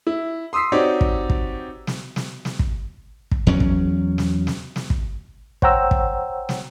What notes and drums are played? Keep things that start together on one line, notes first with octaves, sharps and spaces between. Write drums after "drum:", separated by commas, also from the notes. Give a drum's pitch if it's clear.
E4
C6 D#6 E6 B6 C7
C4 D#4 F#4 G4 C#5 D5
drum: kick
drum: kick
drum: snare
drum: snare
drum: snare
drum: kick
drum: kick
E2 F#3 C#4
drum: kick
drum: snare
drum: snare
drum: snare
drum: kick
C5 C#5 F#5 G5 A#5 E6, drum: kick
drum: kick
drum: snare